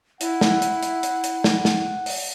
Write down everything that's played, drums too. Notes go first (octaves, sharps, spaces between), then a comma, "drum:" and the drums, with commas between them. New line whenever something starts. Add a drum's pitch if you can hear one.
E4 F#5, drum: hi-hat
drum: snare
drum: hi-hat
drum: hi-hat
drum: hi-hat
drum: hi-hat
drum: snare
drum: snare
drum: open hi-hat